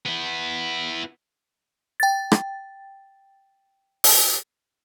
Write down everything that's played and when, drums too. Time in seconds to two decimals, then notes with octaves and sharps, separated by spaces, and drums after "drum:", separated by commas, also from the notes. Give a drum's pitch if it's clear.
0.06 B3 E4
2.00 G5 A6
2.32 drum: rim click
4.04 drum: open hi-hat